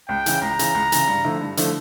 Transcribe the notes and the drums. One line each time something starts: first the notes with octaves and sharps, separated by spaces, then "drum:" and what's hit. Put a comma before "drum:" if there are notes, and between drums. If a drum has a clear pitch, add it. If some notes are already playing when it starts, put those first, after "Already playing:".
C#2 G5
C#3 E3, drum: hi-hat
C#2 A#5
C#3 E3, drum: hi-hat
C#2
C#3 E3, drum: hi-hat
G2
D3 F3 A3 E4
G2
D3 F3 A3 E4, drum: hi-hat